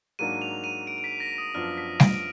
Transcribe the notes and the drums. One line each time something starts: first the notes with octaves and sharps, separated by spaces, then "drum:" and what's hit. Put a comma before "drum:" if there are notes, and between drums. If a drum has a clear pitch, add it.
G#2 F#3 A#3 D4 D#7
F7
D#7
D7
D7
B6
A#6
D#6
F#2 F3 B3 D4 F4 F6
B6
D7, drum: snare G3
D7